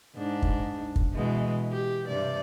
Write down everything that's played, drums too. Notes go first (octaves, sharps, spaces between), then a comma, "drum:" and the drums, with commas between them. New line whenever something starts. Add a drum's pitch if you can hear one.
G#2 D4
drum: kick
drum: kick
B2 E3 G#3
G4
G2 C3 D5